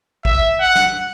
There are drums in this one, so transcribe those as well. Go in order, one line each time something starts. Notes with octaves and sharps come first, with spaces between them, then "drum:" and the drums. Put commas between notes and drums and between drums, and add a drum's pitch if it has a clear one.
E5, drum: kick G#1
F#5
drum: snare